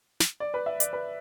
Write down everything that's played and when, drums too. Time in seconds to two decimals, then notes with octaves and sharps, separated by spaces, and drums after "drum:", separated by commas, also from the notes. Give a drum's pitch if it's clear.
0.20 drum: snare
0.40 D5
0.54 B4
0.66 E5
0.80 D5, drum: hi-hat
0.93 B4